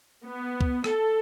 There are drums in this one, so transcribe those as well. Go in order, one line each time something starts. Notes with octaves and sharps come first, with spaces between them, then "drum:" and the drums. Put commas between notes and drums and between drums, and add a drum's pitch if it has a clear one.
B3
drum: kick C#2
A4, drum: rim click